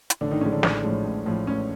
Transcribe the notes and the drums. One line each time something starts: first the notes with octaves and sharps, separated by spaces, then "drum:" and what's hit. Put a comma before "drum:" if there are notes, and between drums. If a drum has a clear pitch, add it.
drum: hi-hat
A1 D3 D4
D#3 D#4
A2 F3 G#3 C#4
D3 D4
A1, drum: snare
A2 F3 G#3
A1
A2 F3 G#3
A1 C#4